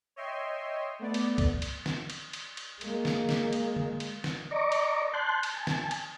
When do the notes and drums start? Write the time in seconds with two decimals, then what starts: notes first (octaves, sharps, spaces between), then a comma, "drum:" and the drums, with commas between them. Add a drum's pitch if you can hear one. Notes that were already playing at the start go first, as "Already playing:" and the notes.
0.16 C#5 D#5 E5 G5 C6
0.99 A3 B3 D5
1.14 drum: cymbal
1.38 drum: kick C2, cymbal
1.62 drum: cymbal
1.86 drum: snare
2.10 drum: cymbal
2.33 drum: cymbal
2.57 drum: cymbal
2.81 G#3 A#3, drum: cymbal
3.05 drum: snare
3.29 drum: snare
3.53 drum: cymbal
3.76 drum: tom D3
4.00 drum: cymbal
4.24 drum: snare
4.51 D5 D#5 A#5 C#6 D6
4.72 drum: cymbal
5.13 A5 C6 F#6 G6
5.43 drum: cymbal
5.54 G#5 A5
5.67 drum: snare
5.91 drum: cymbal